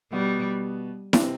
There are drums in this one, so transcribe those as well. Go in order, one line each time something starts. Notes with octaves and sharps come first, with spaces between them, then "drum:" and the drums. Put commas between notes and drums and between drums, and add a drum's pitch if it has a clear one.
B2 G3 B3
D4, drum: snare E4
C3 C4